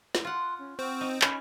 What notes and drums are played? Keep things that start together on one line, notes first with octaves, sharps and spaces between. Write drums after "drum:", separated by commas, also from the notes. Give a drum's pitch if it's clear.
drum: snare
F4 F#5 C6 F#6
C#4
C4 F#5 C#6 F6
D#4
C#4 C#5 B5, drum: clap